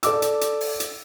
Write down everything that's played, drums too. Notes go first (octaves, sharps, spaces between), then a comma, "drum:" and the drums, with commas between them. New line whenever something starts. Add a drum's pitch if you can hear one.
A4 D5 D6 E6, drum: hi-hat
drum: hi-hat
drum: hi-hat
drum: open hi-hat
drum: hi-hat